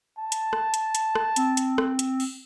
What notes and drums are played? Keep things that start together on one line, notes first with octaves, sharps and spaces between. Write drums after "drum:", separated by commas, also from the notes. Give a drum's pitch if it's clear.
A5
drum: hi-hat
drum: rim click
drum: hi-hat
drum: hi-hat
drum: rim click
C4, drum: hi-hat
drum: hi-hat
drum: rim click
drum: hi-hat
drum: open hi-hat